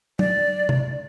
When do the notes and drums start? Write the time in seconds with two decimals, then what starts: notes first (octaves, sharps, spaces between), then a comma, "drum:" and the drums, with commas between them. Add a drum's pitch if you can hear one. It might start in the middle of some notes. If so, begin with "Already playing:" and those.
0.19 D5, drum: tom
0.69 drum: tom